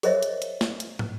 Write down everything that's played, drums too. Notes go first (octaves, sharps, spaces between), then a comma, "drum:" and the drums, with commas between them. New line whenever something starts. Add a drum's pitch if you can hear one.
G#4 A#4 C5 C#5 D#5 E5, drum: open hi-hat
drum: hi-hat
drum: hi-hat
drum: snare
drum: hi-hat
drum: tom